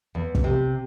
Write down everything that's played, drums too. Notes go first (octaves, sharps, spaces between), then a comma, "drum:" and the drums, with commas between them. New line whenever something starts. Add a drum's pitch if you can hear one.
E2
drum: kick
C3